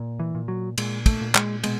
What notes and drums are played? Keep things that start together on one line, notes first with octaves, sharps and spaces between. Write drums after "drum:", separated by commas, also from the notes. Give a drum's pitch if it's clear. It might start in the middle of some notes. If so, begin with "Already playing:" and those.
Already playing: A#2
E3
A#2
F#3
A#2 G#3, drum: cymbal
A3, drum: kick, cymbal
A#2
G#3, drum: clap
B2 G#3, drum: cymbal